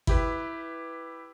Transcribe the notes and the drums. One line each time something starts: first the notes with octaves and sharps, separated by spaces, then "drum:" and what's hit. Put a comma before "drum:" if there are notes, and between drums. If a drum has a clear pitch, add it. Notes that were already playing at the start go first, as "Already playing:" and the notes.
E4 G4 B4, drum: kick